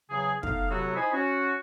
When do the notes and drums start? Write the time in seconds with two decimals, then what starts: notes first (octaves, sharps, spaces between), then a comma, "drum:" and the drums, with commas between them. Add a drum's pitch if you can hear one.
0.10 E2 C#3 F#3 G#4
0.43 A3 B3 D#4 F5, drum: kick
0.70 A2 C3 F#3 B3 E4 F#4
0.96 D#4 E4 C5 G#5 B5 D#6
1.13 C#4 F#4